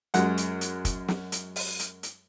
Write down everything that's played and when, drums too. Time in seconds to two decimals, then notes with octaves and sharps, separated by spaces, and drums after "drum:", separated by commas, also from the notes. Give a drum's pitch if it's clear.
0.14 F#2 G#3 F#5, drum: hi-hat
0.37 drum: hi-hat
0.61 drum: hi-hat
0.85 drum: kick, hi-hat
1.08 drum: snare
1.32 drum: hi-hat
1.56 drum: open hi-hat
1.79 drum: hi-hat
2.03 drum: hi-hat